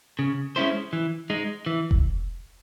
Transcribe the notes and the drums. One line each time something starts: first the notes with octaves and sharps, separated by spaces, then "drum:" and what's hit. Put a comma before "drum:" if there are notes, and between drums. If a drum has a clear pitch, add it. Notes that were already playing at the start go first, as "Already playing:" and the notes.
C#3
G#3 C#4 E4 C5
E3
G#3 D#4
E3
drum: kick F1